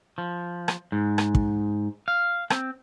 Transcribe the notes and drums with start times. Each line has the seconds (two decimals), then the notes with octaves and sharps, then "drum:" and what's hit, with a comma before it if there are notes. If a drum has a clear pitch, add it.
0.18 F3
0.68 drum: rim click
0.92 G#2
1.18 drum: rim click
1.35 drum: kick
2.08 F5
2.50 C4, drum: rim click